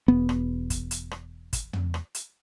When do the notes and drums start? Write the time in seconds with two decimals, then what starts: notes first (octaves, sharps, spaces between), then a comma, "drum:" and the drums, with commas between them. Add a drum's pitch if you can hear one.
0.08 E1 B3
0.29 drum: rim click
0.70 drum: kick, hi-hat
0.91 drum: hi-hat
1.11 drum: rim click
1.53 drum: kick, hi-hat
1.73 drum: tom
1.94 drum: rim click
2.15 drum: hi-hat